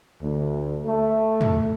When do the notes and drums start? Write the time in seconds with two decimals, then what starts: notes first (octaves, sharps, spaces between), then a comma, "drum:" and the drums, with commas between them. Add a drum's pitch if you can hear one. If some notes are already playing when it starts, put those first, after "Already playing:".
0.21 D2
0.85 A3
1.41 drum: tom